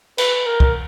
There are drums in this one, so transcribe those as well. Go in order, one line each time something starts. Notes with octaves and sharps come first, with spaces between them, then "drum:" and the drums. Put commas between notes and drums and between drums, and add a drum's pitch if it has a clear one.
B4, drum: cymbal
A#4
drum: kick